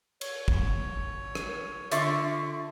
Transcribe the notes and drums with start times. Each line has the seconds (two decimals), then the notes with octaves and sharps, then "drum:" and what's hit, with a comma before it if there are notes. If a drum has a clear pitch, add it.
0.21 C#5, drum: cymbal
0.48 drum: kick
1.35 drum: rim click
1.92 D3 F4 E5 C#6 D6, drum: hi-hat